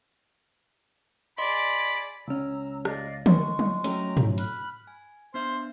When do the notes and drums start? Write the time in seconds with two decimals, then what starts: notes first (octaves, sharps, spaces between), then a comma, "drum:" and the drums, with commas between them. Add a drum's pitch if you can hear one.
1.38 G#4 D5 D#5 B5 C6
2.28 C#2 C#4 A#5 E6
2.85 D5 D#5 F5, drum: rim click
3.26 G#3 C#6, drum: tom
3.59 drum: tom
3.84 F#3 A3 C#4 G5 A#5, drum: hi-hat
4.17 drum: tom
4.38 B5 F6 F#6, drum: hi-hat
4.87 G#5
5.34 B3 D4 C5 E5